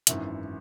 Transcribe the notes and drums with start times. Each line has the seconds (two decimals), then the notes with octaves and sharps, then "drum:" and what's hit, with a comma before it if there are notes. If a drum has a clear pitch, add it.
0.07 G#1 F#2 E3 E5, drum: hi-hat